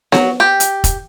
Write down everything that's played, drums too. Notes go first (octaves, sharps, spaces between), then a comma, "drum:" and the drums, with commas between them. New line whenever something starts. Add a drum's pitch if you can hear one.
F#3, drum: snare B3
G4
drum: hi-hat
drum: kick, hi-hat